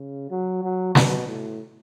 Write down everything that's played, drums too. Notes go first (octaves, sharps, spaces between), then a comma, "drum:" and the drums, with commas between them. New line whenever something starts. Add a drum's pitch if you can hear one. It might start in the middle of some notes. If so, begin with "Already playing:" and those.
Already playing: C#3
F#3
F#3
B2, drum: snare
A2